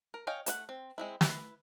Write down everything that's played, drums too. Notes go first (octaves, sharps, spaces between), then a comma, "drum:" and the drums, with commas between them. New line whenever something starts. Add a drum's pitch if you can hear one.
A#4
C#5 D#5 F5 G5 G#5
A3 C#5 F#5, drum: hi-hat
C4
G#3 C4 E4
E4 B4, drum: snare